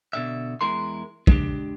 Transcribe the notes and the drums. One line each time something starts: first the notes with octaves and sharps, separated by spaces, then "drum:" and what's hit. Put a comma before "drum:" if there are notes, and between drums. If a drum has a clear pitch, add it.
B2 D3 E5
E2 G#3 E4 A#4 C6
G#3 D4 G4, drum: kick